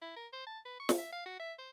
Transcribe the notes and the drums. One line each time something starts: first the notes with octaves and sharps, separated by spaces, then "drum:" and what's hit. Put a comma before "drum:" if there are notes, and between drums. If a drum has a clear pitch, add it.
E4
A#4
C5
A5
B4
C#6
drum: snare
E5
F5
F#4
E5
C5